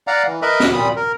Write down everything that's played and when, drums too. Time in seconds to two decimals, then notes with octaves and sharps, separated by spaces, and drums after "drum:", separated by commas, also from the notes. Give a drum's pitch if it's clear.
0.07 D5 F5 F#5 A#5
0.27 E3
0.42 A#4 B4 D#5 E5 B5
0.60 drum: snare
0.74 A#2 G3 B5 D#6
0.96 A#4